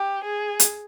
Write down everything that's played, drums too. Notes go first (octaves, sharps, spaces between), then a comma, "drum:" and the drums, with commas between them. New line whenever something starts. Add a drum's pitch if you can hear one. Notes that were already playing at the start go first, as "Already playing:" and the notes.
Already playing: G4
G#4
drum: hi-hat